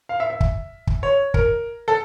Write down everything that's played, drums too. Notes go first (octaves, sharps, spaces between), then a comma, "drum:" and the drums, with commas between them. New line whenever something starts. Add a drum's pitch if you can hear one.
F5
E5
E5
drum: kick
drum: kick
C#5
A#4, drum: kick
A4